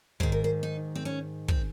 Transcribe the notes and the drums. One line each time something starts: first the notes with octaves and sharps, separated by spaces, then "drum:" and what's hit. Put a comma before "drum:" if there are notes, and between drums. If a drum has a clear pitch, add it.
G#2 D#3 C5, drum: kick
A#4
C5
D#4
C4
C#4
C4, drum: kick